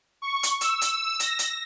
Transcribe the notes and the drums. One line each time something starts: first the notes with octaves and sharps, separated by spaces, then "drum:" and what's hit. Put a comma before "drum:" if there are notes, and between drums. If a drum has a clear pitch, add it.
C#6
drum: hi-hat
E6, drum: hi-hat
drum: hi-hat
A#6, drum: hi-hat
drum: hi-hat